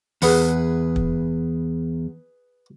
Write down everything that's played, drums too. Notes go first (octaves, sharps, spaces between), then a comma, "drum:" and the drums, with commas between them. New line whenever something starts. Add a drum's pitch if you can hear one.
E2 G#4 B4 F#5, drum: open hi-hat
drum: kick